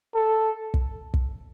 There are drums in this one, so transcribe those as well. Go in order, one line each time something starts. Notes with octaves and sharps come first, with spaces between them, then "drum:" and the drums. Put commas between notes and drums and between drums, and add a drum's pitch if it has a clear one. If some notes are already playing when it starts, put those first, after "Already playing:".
A4
drum: kick
drum: kick